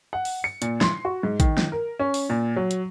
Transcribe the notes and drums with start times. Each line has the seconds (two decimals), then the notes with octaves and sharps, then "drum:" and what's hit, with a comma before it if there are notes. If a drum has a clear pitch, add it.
0.13 F#5
0.25 drum: open hi-hat
0.44 C#7
0.62 A#2, drum: hi-hat
0.81 C6, drum: snare
1.05 F#4
1.23 G#2
1.40 D#3, drum: kick A1, hi-hat
1.57 drum: snare
1.72 A#4
2.00 C#4
2.14 drum: open hi-hat
2.30 A#2
2.56 F#3
2.71 drum: hi-hat